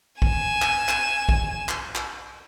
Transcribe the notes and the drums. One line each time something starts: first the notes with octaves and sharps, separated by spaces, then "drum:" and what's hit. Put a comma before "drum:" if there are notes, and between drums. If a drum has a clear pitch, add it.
G#5 E7, drum: kick A#1
drum: clap
drum: clap
drum: kick A#1
drum: clap
drum: clap